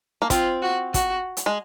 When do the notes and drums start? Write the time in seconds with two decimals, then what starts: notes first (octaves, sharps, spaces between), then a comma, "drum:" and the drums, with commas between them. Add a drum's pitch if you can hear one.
0.22 A#3
0.30 C4 F4, drum: kick, hi-hat
0.62 F#4
0.94 F#4, drum: kick, hi-hat
1.37 drum: hi-hat
1.46 G#3